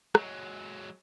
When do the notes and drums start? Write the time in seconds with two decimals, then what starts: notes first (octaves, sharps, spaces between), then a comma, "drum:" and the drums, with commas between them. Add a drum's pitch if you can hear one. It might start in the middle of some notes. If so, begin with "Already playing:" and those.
0.15 F#3 G#3, drum: rim click